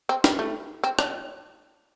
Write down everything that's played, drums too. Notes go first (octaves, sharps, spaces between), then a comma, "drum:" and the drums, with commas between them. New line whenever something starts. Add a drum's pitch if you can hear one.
C4
G3, drum: snare
A3
C4
D4, drum: rim click